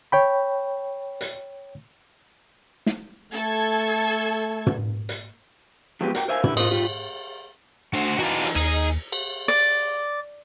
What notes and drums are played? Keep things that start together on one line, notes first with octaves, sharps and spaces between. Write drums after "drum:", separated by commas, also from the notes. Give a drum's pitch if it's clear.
C#5 G5 B5
drum: hi-hat
drum: snare
A3 A4 G#6
drum: tom
drum: hi-hat
F3 F#3 G#3 B3 G4
F#4 A#4 G5, drum: hi-hat
A#4 C5 E5 F5 G5 G#5
D3 G3 E4, drum: tom
F4 F#4 A#4 C5 D#5, drum: cymbal
G3 F4
A3 D4 F#4 C5
E3 D4 D#4 F#4 F5
drum: open hi-hat
D#2 D#4 G#4 D#5
drum: cymbal
D5